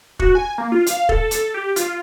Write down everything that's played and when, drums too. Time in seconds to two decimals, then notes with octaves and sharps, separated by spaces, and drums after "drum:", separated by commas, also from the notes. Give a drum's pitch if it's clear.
0.19 F#4, drum: kick E1
0.35 G#5
0.58 A#3
0.72 F4
0.87 F5, drum: hi-hat
1.09 A4, drum: kick E1
1.31 drum: hi-hat
1.54 G4
1.76 F4, drum: hi-hat